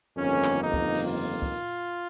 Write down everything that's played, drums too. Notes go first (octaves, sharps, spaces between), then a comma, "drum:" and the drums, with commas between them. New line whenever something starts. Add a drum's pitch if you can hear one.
G1 F2 D#3 A#3 C#4
drum: clap
D#4
drum: kick
drum: open hi-hat
F4
drum: kick